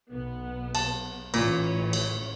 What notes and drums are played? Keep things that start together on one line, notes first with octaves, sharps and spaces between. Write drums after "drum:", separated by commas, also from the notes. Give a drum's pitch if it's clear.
B1 B3
A5, drum: cymbal
A1 A#2 E3 C#5, drum: cymbal
drum: cymbal